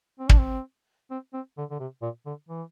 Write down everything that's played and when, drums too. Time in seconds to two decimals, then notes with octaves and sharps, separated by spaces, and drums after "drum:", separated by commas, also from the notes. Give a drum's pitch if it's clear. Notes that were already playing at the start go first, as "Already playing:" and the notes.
0.19 C4
0.29 D4, drum: kick
0.38 C4
1.11 C4
1.33 C4
1.57 D3
1.71 D3
1.80 C3
2.02 A#2
2.26 D3
2.49 E3